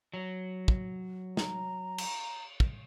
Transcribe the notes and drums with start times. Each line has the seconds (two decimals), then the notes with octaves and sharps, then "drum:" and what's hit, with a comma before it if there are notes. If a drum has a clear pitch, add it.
0.13 F#3
0.68 drum: kick
1.37 A#5, drum: snare
1.98 drum: cymbal
2.60 drum: kick